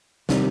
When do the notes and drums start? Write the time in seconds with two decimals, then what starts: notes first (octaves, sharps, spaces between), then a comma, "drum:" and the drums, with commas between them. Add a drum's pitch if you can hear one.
0.29 C3 D#3 G3 D4, drum: snare